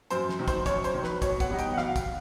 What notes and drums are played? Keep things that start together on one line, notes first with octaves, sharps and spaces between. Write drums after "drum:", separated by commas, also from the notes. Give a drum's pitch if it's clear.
F#2 C5, drum: hi-hat
drum: snare
D#3 F#3
C5, drum: kick, hi-hat
F#2 C#5, drum: kick, hi-hat
C5, drum: hi-hat
D#3 F#3
B4, drum: snare
B2 C#5, drum: kick, hi-hat
F#5, drum: kick, hi-hat
G3 B3 D#4
G5, drum: hi-hat
F#5
B2 F5, drum: snare
drum: kick, hi-hat